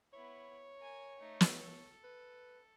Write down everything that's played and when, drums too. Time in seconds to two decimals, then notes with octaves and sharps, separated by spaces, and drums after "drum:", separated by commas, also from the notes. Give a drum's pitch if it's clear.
0.13 B3 E4 C#5
0.78 A#4 G#5
1.20 A3 D#4
1.41 drum: snare
1.58 A4
2.04 B4